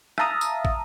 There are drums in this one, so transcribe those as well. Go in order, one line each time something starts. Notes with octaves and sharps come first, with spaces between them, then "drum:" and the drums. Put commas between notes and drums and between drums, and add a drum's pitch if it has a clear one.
E5 F5 A5 A#5 D#6, drum: rim click
drum: tambourine
drum: kick